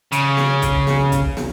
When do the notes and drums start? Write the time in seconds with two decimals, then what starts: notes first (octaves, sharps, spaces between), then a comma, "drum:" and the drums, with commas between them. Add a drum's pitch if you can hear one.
0.12 C#3, drum: hi-hat
0.37 drum: snare
0.62 drum: kick, hi-hat
0.87 drum: snare
1.12 drum: kick, hi-hat
1.37 drum: snare